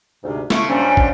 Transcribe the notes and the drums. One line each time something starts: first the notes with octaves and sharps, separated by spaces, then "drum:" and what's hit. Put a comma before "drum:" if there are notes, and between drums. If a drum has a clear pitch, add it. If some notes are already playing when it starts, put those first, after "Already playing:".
D2 G#2 C3
C#3 A3 E4 C#6, drum: snare
F#2 A#2 G3 C#4 D4 C5
drum: kick